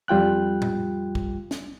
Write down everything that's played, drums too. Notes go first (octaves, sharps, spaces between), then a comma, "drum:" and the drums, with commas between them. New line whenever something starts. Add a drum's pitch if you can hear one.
F2 G3 F4 G5 F#6
drum: tom A2
drum: kick
drum: snare